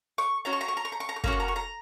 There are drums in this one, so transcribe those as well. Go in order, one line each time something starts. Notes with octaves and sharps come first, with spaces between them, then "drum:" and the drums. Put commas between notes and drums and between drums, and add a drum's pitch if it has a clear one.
C#6
C#4 F#4 A#5
C#6
A#5
C#6
A#5
C#6
A#5
C#6
A#5
C#6
A#3 C#4 F#4 A#5, drum: kick
C#6
A#5
C#6
A#5